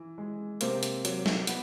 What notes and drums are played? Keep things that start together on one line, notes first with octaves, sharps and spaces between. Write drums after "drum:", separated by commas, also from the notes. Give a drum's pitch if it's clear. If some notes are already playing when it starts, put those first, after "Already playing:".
Already playing: E3
G#3
C3 A#3 C4, drum: hi-hat
drum: hi-hat
F#3, drum: hi-hat
drum: snare
B3, drum: hi-hat